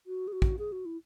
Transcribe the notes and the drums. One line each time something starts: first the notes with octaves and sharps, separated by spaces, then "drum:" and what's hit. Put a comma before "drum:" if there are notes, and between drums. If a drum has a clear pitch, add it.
F#4
G#4
F#4
drum: kick
G#4
F#4
E4